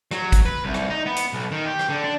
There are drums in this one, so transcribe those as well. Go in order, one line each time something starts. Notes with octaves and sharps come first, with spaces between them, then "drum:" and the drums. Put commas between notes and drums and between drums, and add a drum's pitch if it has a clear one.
F#3, drum: rim click
drum: kick G#1, hi-hat
B4
C2
drum: rim click
D#4
B3
drum: hi-hat
B1
D#3
G4
drum: rim click
D3
D4